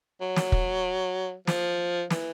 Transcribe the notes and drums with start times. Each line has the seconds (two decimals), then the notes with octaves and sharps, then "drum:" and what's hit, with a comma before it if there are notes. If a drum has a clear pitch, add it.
0.21 F#3
0.36 drum: snare
0.52 drum: kick
1.47 F3, drum: snare
2.10 E3, drum: snare